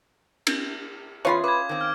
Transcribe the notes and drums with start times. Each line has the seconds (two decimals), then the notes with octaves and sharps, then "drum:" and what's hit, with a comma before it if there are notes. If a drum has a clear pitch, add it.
0.47 drum: cymbal
1.25 E2 C#4 F4 G#4 B4 F5
1.44 B4 D6 G#6
1.69 D#3 C4
1.81 F6